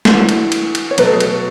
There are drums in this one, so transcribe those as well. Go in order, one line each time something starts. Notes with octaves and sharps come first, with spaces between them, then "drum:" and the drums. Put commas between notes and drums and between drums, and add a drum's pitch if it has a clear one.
E3 A3 D4 E4 F#4, drum: snare
drum: cymbal
drum: cymbal
drum: cymbal
C#5
B2 F#3 A3 B4, drum: cymbal
A4
G#4
F#4, drum: cymbal